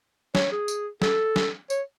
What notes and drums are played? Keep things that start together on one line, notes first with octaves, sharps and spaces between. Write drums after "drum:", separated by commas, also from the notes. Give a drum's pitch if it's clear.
C#5, drum: snare
G#4
drum: tambourine
A4, drum: snare
drum: snare
C#5, drum: tambourine